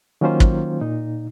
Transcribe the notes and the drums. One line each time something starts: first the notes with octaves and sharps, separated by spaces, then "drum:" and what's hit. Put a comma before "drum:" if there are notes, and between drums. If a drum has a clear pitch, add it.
D#3 F#3 A#3 C#4 F4 C5
drum: kick
A#2 D#4